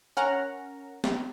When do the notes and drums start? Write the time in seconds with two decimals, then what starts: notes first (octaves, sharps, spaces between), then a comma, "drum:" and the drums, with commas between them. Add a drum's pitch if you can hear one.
0.17 C#4 A#4 F#5 A#5
1.04 drum: snare